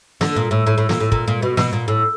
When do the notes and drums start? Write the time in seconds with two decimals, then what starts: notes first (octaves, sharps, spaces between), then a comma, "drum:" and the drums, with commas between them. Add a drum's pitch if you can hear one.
0.21 D3, drum: snare
0.36 A#2
0.51 A2
0.66 A2
0.78 A2
0.89 A#2, drum: snare
1.00 A2
1.12 A#2, drum: kick
1.28 A#2
1.42 B2
1.57 B2, drum: snare
1.73 A#2
1.88 A2